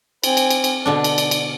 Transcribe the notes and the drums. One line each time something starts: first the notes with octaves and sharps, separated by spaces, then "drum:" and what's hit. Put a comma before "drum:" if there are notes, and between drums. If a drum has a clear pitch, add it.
C4 G#5, drum: cymbal
drum: cymbal
drum: cymbal
drum: cymbal
B2 D3 D4 D5
drum: cymbal
drum: cymbal
drum: cymbal